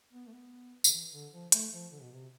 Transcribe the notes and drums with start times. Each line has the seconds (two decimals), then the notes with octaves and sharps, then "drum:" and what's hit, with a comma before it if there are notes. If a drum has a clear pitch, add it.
0.13 B3
0.27 A3
0.33 B3
0.84 D3, drum: tambourine
0.92 E3
1.12 D3
1.33 F3
1.52 A3, drum: hi-hat
1.73 F3
1.92 D3
2.02 B2
2.13 C3